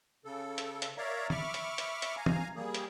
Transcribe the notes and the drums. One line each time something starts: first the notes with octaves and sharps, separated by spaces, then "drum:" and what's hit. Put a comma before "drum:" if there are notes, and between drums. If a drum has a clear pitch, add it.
C#3 A4
drum: hi-hat
drum: hi-hat
A#4 C#5 D5 E5 F5 A#5
E5 B5 C#6 D6 F6, drum: tom D#3
drum: hi-hat
drum: hi-hat
drum: hi-hat
F5 G#5 A#5
drum: tom
G3 A#3 G#4
drum: hi-hat